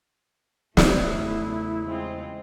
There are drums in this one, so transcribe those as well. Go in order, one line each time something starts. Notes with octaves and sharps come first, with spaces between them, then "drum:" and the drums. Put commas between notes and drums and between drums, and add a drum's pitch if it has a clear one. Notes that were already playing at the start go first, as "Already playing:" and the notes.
E2 C#3 A3 E4 D5, drum: snare
G#3 C4 F4